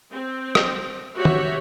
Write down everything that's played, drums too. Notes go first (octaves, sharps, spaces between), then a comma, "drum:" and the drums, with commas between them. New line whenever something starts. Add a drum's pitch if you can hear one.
C4
drum: rim click
F#4 G4 C#5 E5
drum: tom D#3